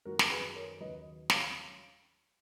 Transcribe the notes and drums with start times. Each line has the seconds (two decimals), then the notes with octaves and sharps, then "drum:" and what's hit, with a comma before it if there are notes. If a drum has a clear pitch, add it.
0.05 F#2 D#3 F#3 F#4 A#4
0.19 drum: snare
0.30 G#4 B4
0.56 A#4 C#5
0.80 D#2 C#3 F#3 B4 D#5
1.30 C#5 F5, drum: snare